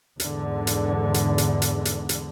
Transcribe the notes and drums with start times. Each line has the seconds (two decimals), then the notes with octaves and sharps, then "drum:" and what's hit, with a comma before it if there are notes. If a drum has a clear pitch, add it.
0.20 E2 G#2 D3, drum: hi-hat
0.67 drum: hi-hat
1.14 drum: hi-hat
1.38 drum: hi-hat
1.62 drum: hi-hat
1.85 drum: hi-hat
2.09 drum: hi-hat